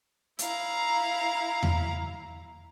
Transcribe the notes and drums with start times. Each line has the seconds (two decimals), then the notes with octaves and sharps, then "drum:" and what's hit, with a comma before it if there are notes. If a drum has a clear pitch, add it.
0.39 E4 F5 A#5, drum: hi-hat
1.63 drum: tom E2